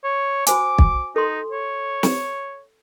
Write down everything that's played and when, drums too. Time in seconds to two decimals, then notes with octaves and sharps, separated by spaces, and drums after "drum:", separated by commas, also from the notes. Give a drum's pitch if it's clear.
0.04 C#5
0.47 F#4 C5 G#5 D6, drum: hi-hat
0.78 drum: kick
1.16 D#4 A4 C6
1.52 C#5
2.03 drum: snare